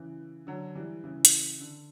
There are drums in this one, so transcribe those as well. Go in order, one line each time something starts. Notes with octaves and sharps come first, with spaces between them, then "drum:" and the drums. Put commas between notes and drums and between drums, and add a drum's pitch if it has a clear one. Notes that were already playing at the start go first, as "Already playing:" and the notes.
Already playing: C#3 E3
D3 F#3
E3 G3
C#3 E3
drum: hi-hat
D3